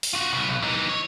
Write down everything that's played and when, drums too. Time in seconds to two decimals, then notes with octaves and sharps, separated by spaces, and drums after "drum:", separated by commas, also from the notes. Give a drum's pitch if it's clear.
0.03 drum: open hi-hat
0.13 F4 F#4
0.33 C2 B2
0.48 B1
0.62 E3 D#4
0.89 C#5